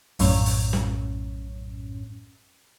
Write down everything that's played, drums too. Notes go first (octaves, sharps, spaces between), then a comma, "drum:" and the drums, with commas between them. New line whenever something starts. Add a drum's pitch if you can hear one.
A#1 F#2 A2 C#4, drum: open hi-hat
drum: open hi-hat
drum: snare